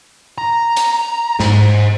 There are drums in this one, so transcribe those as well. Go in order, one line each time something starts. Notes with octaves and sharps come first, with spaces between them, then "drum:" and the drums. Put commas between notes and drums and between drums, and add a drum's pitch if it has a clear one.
A#5
drum: hi-hat
G#2 G#4 C5, drum: snare